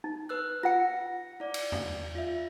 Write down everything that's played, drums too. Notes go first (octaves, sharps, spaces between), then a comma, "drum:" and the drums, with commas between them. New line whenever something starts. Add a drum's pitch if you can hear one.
D#4
B4 E6 F#6
F4 F#5 A#6 C#7
E4 D5
drum: cymbal
drum: tom E2
F4 E5